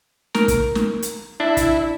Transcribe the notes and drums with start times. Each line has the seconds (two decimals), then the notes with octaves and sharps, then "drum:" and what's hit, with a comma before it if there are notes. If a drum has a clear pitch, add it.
0.35 A#4, drum: snare
0.48 drum: kick, hi-hat
0.75 drum: snare
1.02 drum: hi-hat
1.40 D4 E4
1.57 drum: kick, hi-hat